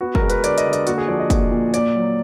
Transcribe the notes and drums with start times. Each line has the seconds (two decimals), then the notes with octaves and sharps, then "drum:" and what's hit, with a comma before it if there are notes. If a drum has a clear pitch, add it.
0.01 B3 F#4
0.15 A#4, drum: kick
0.22 G#3
0.30 B4, drum: hi-hat
0.44 D3 D5, drum: hi-hat
0.58 D#5, drum: hi-hat
0.66 D3
0.73 D#5, drum: hi-hat
0.87 A#3 F#4, drum: hi-hat
0.98 G#4
1.08 F3 D5
1.19 D#5
1.30 A#2, drum: kick, hi-hat
1.52 A#2
1.74 A#3 D5, drum: hi-hat
1.95 F#3